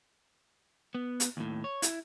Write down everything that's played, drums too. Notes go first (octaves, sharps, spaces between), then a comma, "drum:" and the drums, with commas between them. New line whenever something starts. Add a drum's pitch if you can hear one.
B3
drum: hi-hat
D#2 A2
C#5
E4, drum: hi-hat